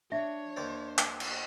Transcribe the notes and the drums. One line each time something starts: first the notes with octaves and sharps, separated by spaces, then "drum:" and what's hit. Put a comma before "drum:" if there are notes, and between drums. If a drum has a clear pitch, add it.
D4 C#5 E5
D#2 C5 D5
drum: clap
drum: cymbal